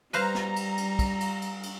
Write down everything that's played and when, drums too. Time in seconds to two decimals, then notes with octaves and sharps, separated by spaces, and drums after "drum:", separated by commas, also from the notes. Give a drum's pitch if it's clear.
0.13 G3 B4 C5 F5 A#5, drum: cymbal
0.35 drum: snare
0.56 drum: cymbal
0.78 drum: cymbal
0.99 drum: kick, cymbal
1.20 drum: cymbal
1.42 drum: cymbal
1.63 drum: cymbal